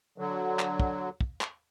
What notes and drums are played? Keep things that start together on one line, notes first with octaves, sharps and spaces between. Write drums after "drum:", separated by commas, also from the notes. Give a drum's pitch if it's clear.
D3 F#3
drum: clap
drum: kick
drum: kick
drum: clap